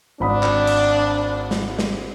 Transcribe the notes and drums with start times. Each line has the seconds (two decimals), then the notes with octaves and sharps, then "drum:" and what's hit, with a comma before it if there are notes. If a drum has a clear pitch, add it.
0.20 G#1 D4 B5 D#6
0.43 drum: clap
0.67 drum: cymbal
1.51 drum: snare
1.79 drum: snare